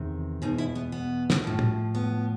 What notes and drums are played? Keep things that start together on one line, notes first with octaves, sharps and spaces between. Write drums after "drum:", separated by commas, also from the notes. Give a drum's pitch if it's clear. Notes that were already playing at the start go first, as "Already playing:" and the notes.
Already playing: E2 C3 D#3
E2 B2 D#4
E4
B3
B3
drum: snare
A2 F3
drum: tom
B3